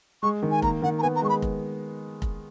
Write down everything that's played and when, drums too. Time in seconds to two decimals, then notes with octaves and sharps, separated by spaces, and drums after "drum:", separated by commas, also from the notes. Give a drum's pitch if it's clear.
0.23 G#3 C#6
0.42 D#3
0.51 G#5
0.62 A#3 A#5, drum: kick F1
0.82 D#3 F#5
0.99 A#5
1.03 B3 G#5
1.16 A#5
1.22 G#3 C#6
1.29 B5
1.42 drum: kick F1
2.22 drum: kick F1